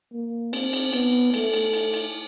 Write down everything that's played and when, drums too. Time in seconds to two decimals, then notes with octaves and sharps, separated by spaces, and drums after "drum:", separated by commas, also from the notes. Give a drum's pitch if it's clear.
0.13 A#3
0.53 C4, drum: cymbal
0.73 drum: cymbal
0.93 B3, drum: cymbal
1.34 A3, drum: cymbal
1.53 drum: cymbal
1.73 drum: cymbal
1.94 drum: cymbal